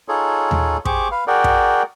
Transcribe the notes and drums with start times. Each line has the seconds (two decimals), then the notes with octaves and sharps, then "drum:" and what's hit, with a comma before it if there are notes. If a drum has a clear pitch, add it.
0.08 D#4 F4 G#4 A4 C#5
0.51 drum: tom D#2
0.85 G4 G#4 C5 C#6 D6, drum: kick
1.11 B4 F5
1.27 F#4 G#4 A#4 D5 F#5 G5
1.44 drum: kick